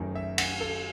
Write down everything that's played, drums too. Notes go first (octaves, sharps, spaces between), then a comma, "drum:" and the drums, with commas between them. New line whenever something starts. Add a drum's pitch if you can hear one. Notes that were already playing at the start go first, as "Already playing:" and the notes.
Already playing: F#1 F#2 D#3 F#3 A3
E5
F#5, drum: cymbal
A4